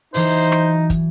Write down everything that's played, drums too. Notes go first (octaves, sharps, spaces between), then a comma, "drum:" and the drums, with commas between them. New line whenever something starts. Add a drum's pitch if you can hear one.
E3 F#3 D#4 E4 C5, drum: open hi-hat
drum: rim click
drum: kick, hi-hat